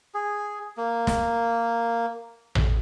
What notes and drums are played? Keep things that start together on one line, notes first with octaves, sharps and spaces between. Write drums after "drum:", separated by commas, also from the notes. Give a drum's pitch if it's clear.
G#4
A#3
drum: snare
drum: tom A1